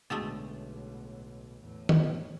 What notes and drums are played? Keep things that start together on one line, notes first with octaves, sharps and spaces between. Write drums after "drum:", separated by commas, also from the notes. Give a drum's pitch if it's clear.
B1 A2 D3 G#3 A3 B3 F#4 G#4
E2 A2
drum: tom D#3